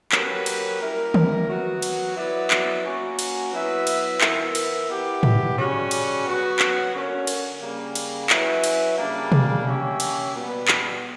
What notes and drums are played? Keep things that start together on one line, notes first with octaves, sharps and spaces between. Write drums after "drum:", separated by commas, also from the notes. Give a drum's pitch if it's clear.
F#3 A#3 C#4 G4 B4, drum: clap
drum: cymbal
G3 A#3 E4 A#4
drum: tom D3
F#3 B3 F#4
drum: cymbal
F#3 B3 E4 B4 D5
drum: clap
A#3 C#4 F#4
drum: cymbal
F#3 B3 E4 B4 E5
drum: cymbal
E3 B3 E4 A#4 E5, drum: clap
drum: cymbal
B3 E4 G4
drum: tom
C#3 G3 C#4 F#4
drum: cymbal
F#3 B3 F#4
drum: clap
D3 A#3 C#4
drum: cymbal
C#3 G3 A#3
drum: cymbal
F#3 C#4 E4 B4, drum: clap
drum: cymbal
C#3 G3 A#3 D4
drum: tom B2
A#3 C#4 G4 C#5 E5
drum: cymbal
B2 G3 B3
drum: clap